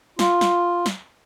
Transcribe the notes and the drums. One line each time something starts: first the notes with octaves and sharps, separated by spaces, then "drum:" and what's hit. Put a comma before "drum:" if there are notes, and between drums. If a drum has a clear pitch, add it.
F4, drum: snare
drum: snare
drum: snare